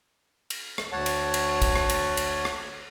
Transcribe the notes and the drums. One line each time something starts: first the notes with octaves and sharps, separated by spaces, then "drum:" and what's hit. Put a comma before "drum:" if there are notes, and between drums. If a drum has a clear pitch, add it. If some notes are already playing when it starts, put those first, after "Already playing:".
drum: cymbal
drum: rim click
D2 C#5 F#5 A5
drum: cymbal
drum: cymbal
drum: kick, cymbal
drum: rim click
drum: cymbal
drum: cymbal
drum: rim click